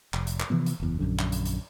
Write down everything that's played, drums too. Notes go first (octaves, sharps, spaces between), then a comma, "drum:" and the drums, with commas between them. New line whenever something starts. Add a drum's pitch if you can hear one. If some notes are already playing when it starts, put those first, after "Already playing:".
F1, drum: clap
drum: hi-hat
drum: clap
C3 E3 F3 B3
drum: hi-hat
F#1 E2
A#1 F#2 D3
drum: clap
drum: hi-hat
drum: hi-hat